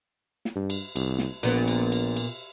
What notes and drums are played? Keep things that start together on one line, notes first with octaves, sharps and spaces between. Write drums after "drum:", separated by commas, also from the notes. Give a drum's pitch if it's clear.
drum: snare
G2
drum: cymbal
C2, drum: cymbal
drum: snare
A#1 A#2 B3, drum: cymbal
drum: cymbal
drum: cymbal
drum: cymbal